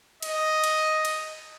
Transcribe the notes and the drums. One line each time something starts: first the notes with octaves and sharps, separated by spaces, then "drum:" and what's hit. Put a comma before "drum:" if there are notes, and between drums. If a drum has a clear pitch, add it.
D#5, drum: cymbal
drum: cymbal
drum: cymbal